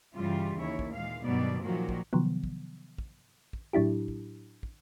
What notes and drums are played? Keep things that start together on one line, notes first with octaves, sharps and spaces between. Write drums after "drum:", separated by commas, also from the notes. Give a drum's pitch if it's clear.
G2 C#3 E3 G3 F4
D#2 E4 C#5
drum: kick
A#2 E3 G#3 F5
G2 B2 D#3 F#3 B3 D5
A#2 D#3 F3 F#3 A#3 F#4
drum: kick
C3 D#3 F3 F#3 B3
drum: kick
drum: kick
drum: kick
A2 F#3 D4 E4 G4
drum: kick
drum: kick